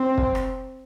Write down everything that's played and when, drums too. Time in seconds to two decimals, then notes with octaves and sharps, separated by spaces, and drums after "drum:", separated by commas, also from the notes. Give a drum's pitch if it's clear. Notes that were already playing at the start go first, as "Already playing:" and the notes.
Already playing: C4
0.18 drum: kick
0.35 drum: rim click